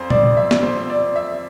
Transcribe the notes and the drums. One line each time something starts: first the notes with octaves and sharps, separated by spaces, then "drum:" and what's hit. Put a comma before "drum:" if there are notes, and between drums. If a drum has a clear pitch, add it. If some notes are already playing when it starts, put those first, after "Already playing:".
Already playing: F2 C5
D5, drum: tom A#2
E5
drum: snare
C5
D5
E5